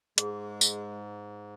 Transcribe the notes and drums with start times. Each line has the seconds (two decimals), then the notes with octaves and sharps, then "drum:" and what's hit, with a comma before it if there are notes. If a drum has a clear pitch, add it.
0.18 G#2 G#3 G#4, drum: hi-hat
0.61 drum: tambourine